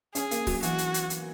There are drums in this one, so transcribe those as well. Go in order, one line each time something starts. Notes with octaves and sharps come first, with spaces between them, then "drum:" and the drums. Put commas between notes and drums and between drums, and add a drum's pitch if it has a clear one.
C#4 G#4, drum: hi-hat
A#3, drum: hi-hat
F#3, drum: kick, open hi-hat
E3 F#4, drum: hi-hat
drum: hi-hat
drum: hi-hat
drum: hi-hat